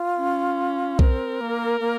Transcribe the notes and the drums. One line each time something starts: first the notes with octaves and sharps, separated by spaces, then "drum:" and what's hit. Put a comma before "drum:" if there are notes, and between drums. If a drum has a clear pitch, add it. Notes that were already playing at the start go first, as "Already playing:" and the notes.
Already playing: F4
C#4
C4 A#4, drum: kick B1
A#3
A#3